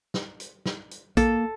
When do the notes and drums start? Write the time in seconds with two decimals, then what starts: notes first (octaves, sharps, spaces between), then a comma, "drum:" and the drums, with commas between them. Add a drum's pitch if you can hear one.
0.14 drum: snare
0.40 drum: hi-hat
0.66 drum: snare
0.91 drum: hi-hat
1.17 A#3 A4, drum: kick A#1, hi-hat